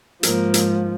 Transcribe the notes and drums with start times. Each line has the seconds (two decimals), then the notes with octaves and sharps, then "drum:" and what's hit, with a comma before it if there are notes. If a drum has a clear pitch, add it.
0.23 G#2 F3 A#3, drum: hi-hat
0.54 drum: hi-hat